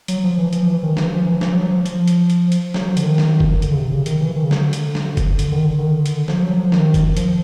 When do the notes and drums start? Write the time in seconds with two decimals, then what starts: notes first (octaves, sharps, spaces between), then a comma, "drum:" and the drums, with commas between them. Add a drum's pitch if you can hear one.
0.08 F#3, drum: hi-hat
0.24 F3
0.38 E3
0.53 F3, drum: hi-hat
0.63 F3
0.67 E3
0.83 D#3
0.97 E3, drum: snare
1.12 F3
1.26 E3
1.41 F3, drum: snare
1.56 F#3
1.71 F3
1.86 F3, drum: hi-hat
2.08 drum: hi-hat
2.30 drum: hi-hat
2.52 drum: hi-hat
2.74 F#3, drum: snare
2.88 F3
2.97 D3, drum: hi-hat
3.03 D#3
3.18 drum: snare
3.40 drum: kick F1
3.62 D3, drum: hi-hat
3.71 C#3
3.77 C3
3.92 C#3
4.06 D#3, drum: hi-hat
4.21 E3
4.36 D#3
4.44 C#3
4.51 D3, drum: snare
4.73 drum: hi-hat
4.95 drum: snare
5.17 drum: kick F1, hi-hat
5.39 D3, drum: hi-hat
5.52 D#3
5.65 D3
5.79 D#3
5.91 D3
6.06 drum: hi-hat
6.28 F3, drum: snare
6.43 F#3
6.57 F3
6.72 D#3, drum: snare
6.94 drum: kick F1, hi-hat
7.17 F3, drum: hi-hat